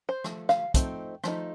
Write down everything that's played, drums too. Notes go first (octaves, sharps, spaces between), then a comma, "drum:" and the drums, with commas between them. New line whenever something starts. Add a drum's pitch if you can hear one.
C5
F3 A3, drum: rim click
F5, drum: rim click
F3 A3 C4 D#4, drum: kick, hi-hat
F3 A3 D#4, drum: rim click